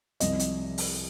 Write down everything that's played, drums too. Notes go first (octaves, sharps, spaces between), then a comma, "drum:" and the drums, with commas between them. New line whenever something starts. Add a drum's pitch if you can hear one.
C2 C3 F3 D#5, drum: hi-hat
drum: hi-hat
drum: open hi-hat